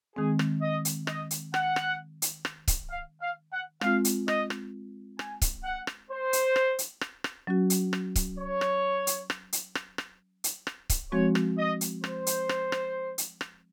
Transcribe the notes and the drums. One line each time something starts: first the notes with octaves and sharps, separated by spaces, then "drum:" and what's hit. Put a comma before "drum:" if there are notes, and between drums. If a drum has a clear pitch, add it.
D#3 G#3 C4 G#4
drum: rim click
D#5
drum: hi-hat
D#5, drum: rim click
drum: hi-hat
F#5, drum: rim click
drum: rim click
drum: hi-hat
drum: rim click
drum: kick C#1, hi-hat
F5
F5
F#5
G#3 C4 F4 F5, drum: rim click
drum: hi-hat
D#5, drum: rim click
drum: rim click
G#5, drum: rim click
drum: kick C#1, hi-hat
F#5
drum: rim click
C5
drum: hi-hat
drum: rim click
drum: hi-hat
drum: rim click
drum: rim click
F#3 C#4 F#4
drum: hi-hat
drum: rim click
drum: kick C#1, hi-hat
C#5
drum: rim click
drum: hi-hat
drum: rim click
drum: hi-hat
drum: rim click
drum: rim click
drum: hi-hat
drum: rim click
drum: kick C#1, hi-hat
F3 G#3 C4 F#4 C#5
drum: rim click
D#5
drum: hi-hat
C5, drum: rim click
drum: hi-hat
drum: rim click
drum: rim click
drum: hi-hat
drum: rim click